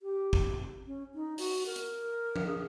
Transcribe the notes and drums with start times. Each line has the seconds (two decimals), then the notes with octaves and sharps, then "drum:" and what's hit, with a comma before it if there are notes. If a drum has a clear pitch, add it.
0.01 G4
0.33 drum: kick
0.87 C#4
1.15 D#4
1.38 F#4, drum: open hi-hat
1.66 A#4
1.76 drum: hi-hat
2.36 drum: tom F3
2.46 G#4